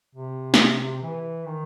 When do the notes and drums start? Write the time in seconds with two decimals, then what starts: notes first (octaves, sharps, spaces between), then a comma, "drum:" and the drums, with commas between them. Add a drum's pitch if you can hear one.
0.15 C3
0.54 drum: snare
1.02 E3
1.46 D#3